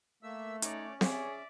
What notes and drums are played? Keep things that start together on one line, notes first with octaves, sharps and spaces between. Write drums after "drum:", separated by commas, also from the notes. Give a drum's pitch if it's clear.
A3 A#3 E5 E6
C#4 D#4 C#5 D5, drum: hi-hat
G#4 C#5 D5 E5, drum: snare C4